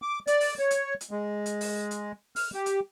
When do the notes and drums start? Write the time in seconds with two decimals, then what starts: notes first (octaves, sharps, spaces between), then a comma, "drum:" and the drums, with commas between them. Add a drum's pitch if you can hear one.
0.02 D6
0.27 D5, drum: hi-hat
0.41 drum: open hi-hat
0.59 C#5
0.71 drum: hi-hat
1.01 drum: hi-hat
1.11 G#3
1.46 drum: hi-hat
1.61 drum: open hi-hat
1.91 drum: hi-hat
2.36 F6, drum: open hi-hat
2.54 G4
2.66 drum: hi-hat